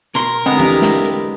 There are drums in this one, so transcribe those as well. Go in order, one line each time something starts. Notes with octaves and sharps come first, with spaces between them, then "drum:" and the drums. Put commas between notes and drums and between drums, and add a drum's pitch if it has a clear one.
B2 A#4 C6, drum: hi-hat
D3 G#3 B3 C4 E4 G4 A#5
drum: tom E3
drum: snare
drum: hi-hat